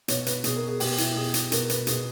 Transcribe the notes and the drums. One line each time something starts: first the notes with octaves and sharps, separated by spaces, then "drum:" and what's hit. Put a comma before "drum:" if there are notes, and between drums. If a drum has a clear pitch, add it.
B2 C#5, drum: hi-hat
B4, drum: hi-hat
B2 G#4, drum: hi-hat
A#4
G#4
B2 G4, drum: open hi-hat
E4, drum: hi-hat
B2 G#4
drum: hi-hat
B2 A#4, drum: hi-hat
B4, drum: hi-hat
B2 G#4, drum: hi-hat